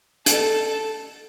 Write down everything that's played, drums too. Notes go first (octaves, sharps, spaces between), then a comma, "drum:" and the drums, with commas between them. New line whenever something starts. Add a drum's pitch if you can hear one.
A4, drum: hi-hat